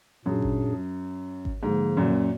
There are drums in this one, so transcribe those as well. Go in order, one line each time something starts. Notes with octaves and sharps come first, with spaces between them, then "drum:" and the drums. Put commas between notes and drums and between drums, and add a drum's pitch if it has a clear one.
F#2 A#2 F#3 D4 G#4
drum: kick G#1
drum: kick G#1
G#2 D3 F3 A#3
F#2 A#2